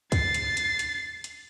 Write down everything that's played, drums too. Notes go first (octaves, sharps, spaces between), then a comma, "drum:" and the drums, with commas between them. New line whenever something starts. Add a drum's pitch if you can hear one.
A6 C7, drum: kick, hi-hat
drum: hi-hat
drum: hi-hat
drum: hi-hat
drum: hi-hat